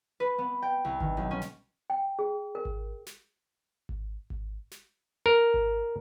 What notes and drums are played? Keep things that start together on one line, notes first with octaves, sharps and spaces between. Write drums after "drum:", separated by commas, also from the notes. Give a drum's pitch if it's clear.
B4
B3
G5
C2
D#3, drum: kick G#1
B1
C#4
drum: snare
G5
G#4
A#4
drum: kick G#1
drum: snare
drum: kick G#1
drum: kick G#1
drum: snare
A#4
drum: kick G#1